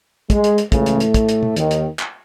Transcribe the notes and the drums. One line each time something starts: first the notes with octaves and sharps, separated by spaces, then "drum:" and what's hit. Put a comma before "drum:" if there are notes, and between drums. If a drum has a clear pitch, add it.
G#3, drum: kick, hi-hat
drum: hi-hat
drum: hi-hat
C#2 A2 C#3 E3 A3, drum: kick, hi-hat
drum: hi-hat
drum: hi-hat
drum: kick, hi-hat
drum: hi-hat
drum: tom
D#2 D#3, drum: hi-hat
drum: hi-hat
drum: clap